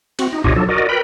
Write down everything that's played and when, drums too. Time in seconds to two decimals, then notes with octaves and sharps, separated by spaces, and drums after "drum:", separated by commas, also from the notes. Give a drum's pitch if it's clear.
0.19 C4 F#4, drum: cymbal
0.32 D#4
0.44 B2 D4 F4 G4 C#5 D#5, drum: kick B1
0.56 F3 F#3 D4 A4
0.69 F#4 A#4 D5 D#5
0.89 A#4 B4 G5 B5